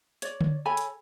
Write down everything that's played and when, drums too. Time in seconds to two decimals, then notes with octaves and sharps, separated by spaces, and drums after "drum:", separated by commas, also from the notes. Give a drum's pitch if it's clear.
0.22 C#5 D5, drum: hi-hat
0.41 drum: tom D3
0.65 A4 C#5 G#5 B5
0.77 drum: hi-hat